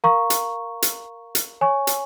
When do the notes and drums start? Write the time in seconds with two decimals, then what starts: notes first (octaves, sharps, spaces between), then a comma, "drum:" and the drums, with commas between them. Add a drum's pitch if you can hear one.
0.04 A#4 F5 A#5 C#6
0.30 drum: hi-hat
0.82 drum: hi-hat
1.35 drum: hi-hat
1.61 C#5 G#5 C#6
1.87 drum: hi-hat